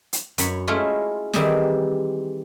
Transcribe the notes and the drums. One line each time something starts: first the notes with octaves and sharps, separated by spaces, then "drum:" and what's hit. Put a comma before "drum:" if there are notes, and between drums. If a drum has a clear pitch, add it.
drum: hi-hat
F#2 C#5 B5, drum: hi-hat
G#3 A3 C#4 E4 F4
D#3 E3 G3 C4 G#4 C5, drum: snare